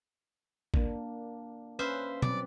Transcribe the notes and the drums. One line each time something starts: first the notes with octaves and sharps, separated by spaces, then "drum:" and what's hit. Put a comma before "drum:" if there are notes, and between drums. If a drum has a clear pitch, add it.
A#3 D4, drum: kick
C#4 B4 C5 E5 F5
F#3 C4 D5, drum: tom B2